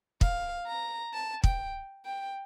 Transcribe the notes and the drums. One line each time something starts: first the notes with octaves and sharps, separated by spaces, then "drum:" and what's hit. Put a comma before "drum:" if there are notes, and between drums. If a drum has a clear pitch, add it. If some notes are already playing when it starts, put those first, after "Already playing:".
F5, drum: kick
A#5
A5
G5, drum: kick
G5